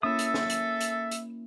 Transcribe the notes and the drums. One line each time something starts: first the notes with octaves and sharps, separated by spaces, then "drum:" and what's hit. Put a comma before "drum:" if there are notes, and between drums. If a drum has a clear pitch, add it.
A#3 C#4 E4 A4 E5 D#6 E6
drum: hi-hat
drum: snare
drum: hi-hat
drum: hi-hat
drum: hi-hat